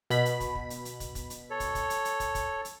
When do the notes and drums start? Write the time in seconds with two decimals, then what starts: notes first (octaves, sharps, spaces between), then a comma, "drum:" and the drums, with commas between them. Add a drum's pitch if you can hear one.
0.10 B2 B5 B6, drum: hi-hat
0.25 drum: hi-hat
0.40 drum: kick, hi-hat
0.55 drum: kick
0.70 drum: hi-hat
0.85 drum: hi-hat
1.00 drum: kick, hi-hat
1.15 drum: kick, hi-hat
1.30 drum: hi-hat
1.50 A4 C#5
1.60 drum: kick, hi-hat
1.75 drum: kick, hi-hat
1.90 drum: hi-hat
2.05 drum: hi-hat
2.20 drum: kick, hi-hat
2.35 drum: kick, hi-hat
2.65 drum: hi-hat